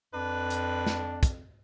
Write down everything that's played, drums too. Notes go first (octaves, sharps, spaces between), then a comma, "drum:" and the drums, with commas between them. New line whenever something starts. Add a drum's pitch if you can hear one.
F2 D4 B4
drum: hi-hat
drum: snare
drum: kick, hi-hat